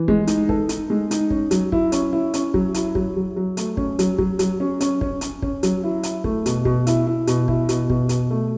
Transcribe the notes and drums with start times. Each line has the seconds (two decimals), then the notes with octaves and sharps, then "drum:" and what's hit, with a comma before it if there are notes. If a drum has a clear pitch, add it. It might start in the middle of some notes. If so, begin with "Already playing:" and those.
Already playing: E3
0.08 G#3, drum: kick
0.27 D#4, drum: hi-hat
0.49 A4, drum: kick
0.69 D#4, drum: hi-hat
0.90 G#3
1.11 D#4, drum: hi-hat
1.30 C#4, drum: kick
1.51 F#3, drum: hi-hat
1.72 E4, drum: kick
1.92 C#4, drum: hi-hat
2.13 E4
2.34 C#4, drum: hi-hat
2.54 F#3, drum: kick
2.74 E4, drum: hi-hat
2.95 F#3, drum: kick
3.16 F#3
3.36 F#3
3.57 A3, drum: hi-hat
3.77 C#4, drum: kick
3.99 F#3, drum: hi-hat
4.18 F#3, drum: kick
4.39 F#3, drum: hi-hat
4.60 C#4
4.81 C#4, drum: hi-hat
5.01 C#4, drum: kick
5.21 C#4, drum: hi-hat
5.42 C#4, drum: kick
5.63 F#3, drum: hi-hat
5.84 E4
6.03 E4, drum: hi-hat
6.24 A3, drum: kick
6.46 B2, drum: hi-hat
6.65 B2, drum: kick
6.87 E4, drum: hi-hat
7.07 E4
7.27 B2, drum: hi-hat
7.48 E4, drum: kick
7.69 B2, drum: hi-hat
7.90 B2, drum: kick
8.09 B2, drum: hi-hat
8.31 A3